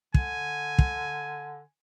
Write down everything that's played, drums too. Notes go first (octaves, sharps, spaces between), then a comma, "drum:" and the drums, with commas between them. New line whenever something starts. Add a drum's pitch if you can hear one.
D3 G#5, drum: kick
drum: kick